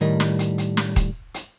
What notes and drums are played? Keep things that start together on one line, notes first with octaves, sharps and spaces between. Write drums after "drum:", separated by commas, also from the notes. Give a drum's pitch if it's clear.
A2 D#3 G3 A#4 D#5
drum: snare
drum: hi-hat
drum: hi-hat
drum: snare
drum: kick D#1, hi-hat
drum: hi-hat